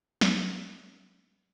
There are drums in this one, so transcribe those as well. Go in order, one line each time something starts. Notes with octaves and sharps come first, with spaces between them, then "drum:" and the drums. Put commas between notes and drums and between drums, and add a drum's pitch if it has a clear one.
F#3 A#3 B3 C#4, drum: snare